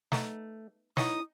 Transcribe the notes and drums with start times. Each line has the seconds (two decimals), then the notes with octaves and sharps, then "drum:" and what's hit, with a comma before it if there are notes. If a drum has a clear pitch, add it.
0.12 A3 B3 D#4, drum: snare
0.97 B3 D#4 E4 C#5 D#6, drum: snare